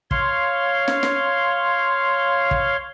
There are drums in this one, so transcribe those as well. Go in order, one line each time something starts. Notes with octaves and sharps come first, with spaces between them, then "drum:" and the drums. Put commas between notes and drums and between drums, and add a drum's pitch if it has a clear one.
C#5 F5 C6, drum: kick
drum: snare
drum: snare
drum: kick